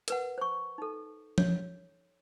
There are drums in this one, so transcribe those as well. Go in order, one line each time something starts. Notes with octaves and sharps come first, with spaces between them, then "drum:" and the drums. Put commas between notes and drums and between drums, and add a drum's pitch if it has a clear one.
A#4 B4 F#5, drum: hi-hat
C5 C#6
D#4 A4
C#5, drum: tom F3